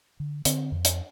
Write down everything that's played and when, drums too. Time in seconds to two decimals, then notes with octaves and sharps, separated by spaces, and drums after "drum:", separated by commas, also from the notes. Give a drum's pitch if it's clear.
0.20 D3
0.45 D3 C4, drum: hi-hat
0.72 F2
0.85 drum: hi-hat